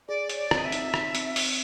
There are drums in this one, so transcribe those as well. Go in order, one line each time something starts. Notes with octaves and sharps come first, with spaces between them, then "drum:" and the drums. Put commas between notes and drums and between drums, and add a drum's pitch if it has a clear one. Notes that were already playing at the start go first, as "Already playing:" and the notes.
G#4 D5
C#5, drum: hi-hat
D5
C4, drum: rim click
D#5
E5
D#4, drum: hi-hat
D#4, drum: rim click
C4, drum: hi-hat
C4, drum: open hi-hat